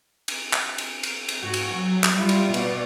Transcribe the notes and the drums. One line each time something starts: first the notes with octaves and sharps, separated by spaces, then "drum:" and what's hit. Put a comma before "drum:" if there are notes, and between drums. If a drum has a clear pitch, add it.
drum: cymbal
drum: clap
drum: cymbal
drum: cymbal
drum: cymbal
G#2 F#4
drum: cymbal
F#3
drum: clap
G3 E4 F4
drum: cymbal
B2 D5, drum: cymbal